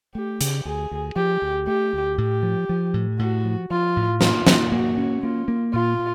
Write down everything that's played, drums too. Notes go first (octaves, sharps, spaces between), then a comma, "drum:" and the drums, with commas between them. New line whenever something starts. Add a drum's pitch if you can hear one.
A3 G4
C#3, drum: hi-hat
D2 G#4
D2
F3 G4
D2
A3 G4
D2
A2 G4
F3
F3
A2
A2 F#4
F3
F3 F4
A2
A#3 F4, drum: snare
A#3, drum: snare
A#3 F#4
C#4
A#3 F4
A#3
A#2 F4
A#2